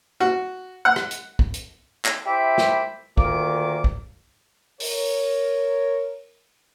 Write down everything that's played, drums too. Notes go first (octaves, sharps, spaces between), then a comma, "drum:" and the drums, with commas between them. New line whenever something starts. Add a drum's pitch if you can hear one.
F#4
F#5
drum: rim click
drum: hi-hat
drum: kick
drum: hi-hat
drum: clap
E4 G4 C5 E5 B5 D6
drum: snare
D2 A#2 D#3 D6, drum: kick
drum: kick
A#4 C#5, drum: open hi-hat